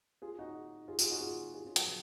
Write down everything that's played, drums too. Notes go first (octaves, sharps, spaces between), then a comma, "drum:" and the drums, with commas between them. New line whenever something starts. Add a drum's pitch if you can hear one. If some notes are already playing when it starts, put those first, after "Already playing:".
F4 G#4
D#4 F#4
F4 G#4
F4 G#4, drum: tambourine
D#4 F#4
F4 G#4
F4 G#4
C#4 F4
F#3, drum: hi-hat
F3